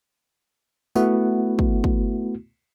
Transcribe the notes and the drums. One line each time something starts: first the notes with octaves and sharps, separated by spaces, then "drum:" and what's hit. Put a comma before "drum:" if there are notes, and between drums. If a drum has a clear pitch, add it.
A3 B3 E4 F#4, drum: tambourine
drum: kick
drum: kick